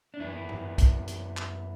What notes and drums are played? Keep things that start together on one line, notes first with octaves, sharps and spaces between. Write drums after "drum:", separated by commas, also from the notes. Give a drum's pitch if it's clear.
D4
F#2 E3 B3 E4
drum: tom G2
drum: kick, hi-hat
drum: hi-hat
drum: clap